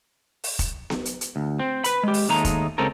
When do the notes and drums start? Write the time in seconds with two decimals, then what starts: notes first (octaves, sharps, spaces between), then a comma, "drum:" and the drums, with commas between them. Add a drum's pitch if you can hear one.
0.44 drum: open hi-hat
0.59 drum: kick F1, hi-hat
0.90 drum: snare B3
1.05 drum: hi-hat
1.21 drum: hi-hat
1.36 D2
1.59 C4
1.84 B4 B5, drum: hi-hat
2.03 G#3 G4
2.14 drum: open hi-hat
2.29 D#2 G#3 A3 D#4 A#5
2.45 drum: kick F1, hi-hat
2.78 C#3 G#3 C4 C#4 A4 A#4